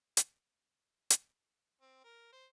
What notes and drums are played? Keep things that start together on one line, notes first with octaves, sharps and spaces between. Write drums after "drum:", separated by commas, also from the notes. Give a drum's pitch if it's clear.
drum: hi-hat
drum: hi-hat
C4
A#4
C5